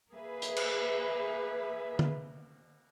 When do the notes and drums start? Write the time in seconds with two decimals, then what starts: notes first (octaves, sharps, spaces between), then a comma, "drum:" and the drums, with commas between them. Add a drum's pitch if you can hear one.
0.13 A#3 G#4 B4 E5
0.42 drum: hi-hat
0.57 drum: cymbal
1.99 drum: tom D3